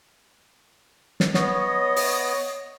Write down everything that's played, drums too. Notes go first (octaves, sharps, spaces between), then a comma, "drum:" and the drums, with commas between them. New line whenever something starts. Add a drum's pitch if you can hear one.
drum: snare
B3 C#5 D#5, drum: snare
drum: open hi-hat